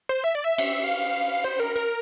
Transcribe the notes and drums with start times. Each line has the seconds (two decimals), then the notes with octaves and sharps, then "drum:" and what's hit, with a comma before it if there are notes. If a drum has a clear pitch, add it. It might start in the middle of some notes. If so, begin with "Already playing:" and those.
0.09 C5
0.24 E5
0.35 D5
0.44 E5
0.58 drum: cymbal
0.84 F5
1.44 C5
1.60 A#4
1.75 A#4